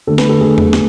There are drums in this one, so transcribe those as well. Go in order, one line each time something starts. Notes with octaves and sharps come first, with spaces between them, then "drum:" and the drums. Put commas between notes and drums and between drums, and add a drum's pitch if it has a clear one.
D2 D3 A3 A4
B4, drum: snare
A4
D2 D3 A3 G#4
drum: tom E2
A3, drum: snare